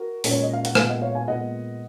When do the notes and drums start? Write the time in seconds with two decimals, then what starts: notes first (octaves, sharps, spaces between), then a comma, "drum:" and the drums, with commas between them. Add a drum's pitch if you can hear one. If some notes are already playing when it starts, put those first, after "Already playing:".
Already playing: F#4 A#4
0.24 A#2 G#3 C#4, drum: open hi-hat
0.31 C#5
0.43 D#5
0.53 F5
0.65 F#5, drum: hi-hat
0.75 A#2 G#3 B3 F5 G#5, drum: rim click
0.89 D#5 F#5
1.02 C#5 F5
1.15 F5 G#5
1.28 A#2 G#3 B3 D#5 F#5